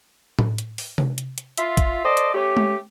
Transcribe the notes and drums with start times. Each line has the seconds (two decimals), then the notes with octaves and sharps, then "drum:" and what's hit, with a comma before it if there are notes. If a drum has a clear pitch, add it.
0.39 drum: tom A2
0.58 drum: hi-hat
0.78 drum: open hi-hat
0.98 drum: tom C3
1.18 drum: hi-hat
1.38 drum: hi-hat
1.58 F4 E5, drum: hi-hat
1.77 drum: kick A1, hi-hat
2.04 A4 C5 D5 D#5
2.17 drum: hi-hat
2.33 A3 C#4 G4
2.57 drum: tom G#3